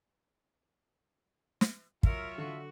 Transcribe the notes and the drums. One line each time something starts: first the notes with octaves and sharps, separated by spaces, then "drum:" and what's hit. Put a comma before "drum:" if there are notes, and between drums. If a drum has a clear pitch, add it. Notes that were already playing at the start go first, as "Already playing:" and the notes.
drum: snare
F#3 F4 A#4 C#5 E5, drum: kick
D3 F#4